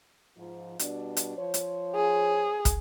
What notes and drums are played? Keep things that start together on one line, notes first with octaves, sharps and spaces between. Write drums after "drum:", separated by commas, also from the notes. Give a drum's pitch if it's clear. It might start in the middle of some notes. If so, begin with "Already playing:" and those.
G#2 F3
B2 G3 D4, drum: hi-hat
drum: hi-hat
F3 C5 C#5
drum: hi-hat
G#4
drum: kick, hi-hat